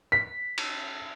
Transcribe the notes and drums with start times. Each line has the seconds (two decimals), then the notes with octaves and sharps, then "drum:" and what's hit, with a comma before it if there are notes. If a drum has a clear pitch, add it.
0.12 B6
0.58 drum: cymbal